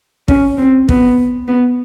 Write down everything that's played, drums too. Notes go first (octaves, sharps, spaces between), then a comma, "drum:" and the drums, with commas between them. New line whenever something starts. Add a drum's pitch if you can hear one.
C#4, drum: kick
C4
B3, drum: kick
B3